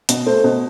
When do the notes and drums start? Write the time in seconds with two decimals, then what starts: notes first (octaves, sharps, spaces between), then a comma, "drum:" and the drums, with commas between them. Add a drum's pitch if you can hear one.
0.09 B2, drum: hi-hat
0.26 A3 C5
0.44 B2